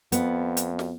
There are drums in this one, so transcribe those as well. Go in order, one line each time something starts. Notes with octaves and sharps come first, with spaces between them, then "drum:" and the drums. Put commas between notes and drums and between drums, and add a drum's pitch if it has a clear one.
F2 B3, drum: hi-hat
drum: hi-hat
drum: snare